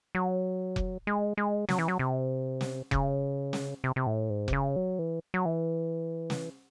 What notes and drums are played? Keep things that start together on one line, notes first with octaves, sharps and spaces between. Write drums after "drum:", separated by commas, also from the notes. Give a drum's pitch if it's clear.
F#3
drum: kick F1
G#3
G#3
F#3, drum: snare
E3
F#3
C3
drum: snare
C#3, drum: kick F1
drum: snare
C3
C3
A2
G#2
C3, drum: kick F1
C#3
F#3
E3
F#3
E3
drum: snare